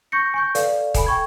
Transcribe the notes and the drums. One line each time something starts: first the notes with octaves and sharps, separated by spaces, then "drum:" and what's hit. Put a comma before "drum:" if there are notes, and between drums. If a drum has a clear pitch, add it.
C#6 G6 A#6 C#7
G#5 C#6 G6
A4 B4 D5 F5, drum: hi-hat
A4 G#5 B5, drum: kick D#1, hi-hat
G5 C#6 G#6